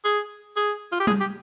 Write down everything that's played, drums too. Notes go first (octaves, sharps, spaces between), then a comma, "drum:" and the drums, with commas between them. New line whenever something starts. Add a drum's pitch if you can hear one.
G#4
G#4
F4
G4
G#4, drum: tom G3
G4